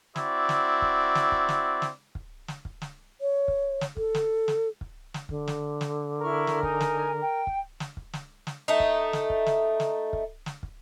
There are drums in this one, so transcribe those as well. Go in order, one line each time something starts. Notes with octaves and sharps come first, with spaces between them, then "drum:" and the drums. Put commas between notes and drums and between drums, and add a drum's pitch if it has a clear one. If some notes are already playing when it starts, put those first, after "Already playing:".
C4 E4 F#4 D5, drum: snare
drum: snare
drum: kick
drum: snare
drum: kick
drum: snare
drum: snare
drum: kick
drum: snare
drum: kick
drum: snare
C#5
drum: kick
drum: snare
A4, drum: kick
drum: snare
drum: snare
drum: kick
drum: snare
D3, drum: kick
drum: snare
drum: snare
E4 A#4 C#6 F6
drum: snare
D#4 G#5, drum: kick
drum: snare
G5
drum: kick
drum: snare
drum: kick
drum: snare
drum: snare
A3 D#4
drum: kick
drum: snare
drum: kick
drum: snare
drum: snare
drum: kick
drum: snare
drum: kick